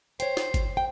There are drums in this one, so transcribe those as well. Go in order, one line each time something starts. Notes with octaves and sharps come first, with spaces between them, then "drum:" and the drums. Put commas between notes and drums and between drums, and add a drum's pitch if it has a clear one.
C5 C#5 G5, drum: hi-hat
drum: snare
drum: kick G1, hi-hat
G5